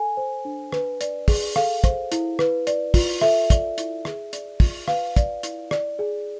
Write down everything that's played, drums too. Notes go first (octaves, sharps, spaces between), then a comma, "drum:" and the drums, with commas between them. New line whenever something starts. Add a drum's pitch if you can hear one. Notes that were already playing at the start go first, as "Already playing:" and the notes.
Already playing: A4 G#5
C5
D4
B4, drum: rim click
D5, drum: hi-hat
G#4, drum: kick, open hi-hat
A4 F5, drum: rim click
C5, drum: kick, hi-hat
E4, drum: hi-hat
B4, drum: rim click
D5, drum: hi-hat
F4, drum: kick, open hi-hat
A4 E5, drum: rim click
D5, drum: kick, hi-hat
E4, drum: hi-hat
G#4, drum: rim click
D5, drum: hi-hat
F4, drum: kick, open hi-hat
B4 F5, drum: rim click
D5, drum: kick, hi-hat
E4, drum: hi-hat
D5, drum: rim click
G#4